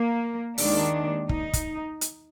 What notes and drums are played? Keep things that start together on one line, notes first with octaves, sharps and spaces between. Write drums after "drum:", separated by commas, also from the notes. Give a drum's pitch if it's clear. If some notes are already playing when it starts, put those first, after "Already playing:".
Already playing: A#3
D#2 D#3 G#3 D4, drum: open hi-hat
D#4, drum: kick
drum: kick, hi-hat
drum: hi-hat